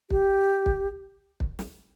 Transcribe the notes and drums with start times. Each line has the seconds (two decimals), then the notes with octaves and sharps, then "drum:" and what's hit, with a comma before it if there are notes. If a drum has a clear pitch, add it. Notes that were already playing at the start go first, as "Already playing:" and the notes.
0.10 G4, drum: kick
0.66 drum: kick
1.40 drum: kick
1.59 drum: snare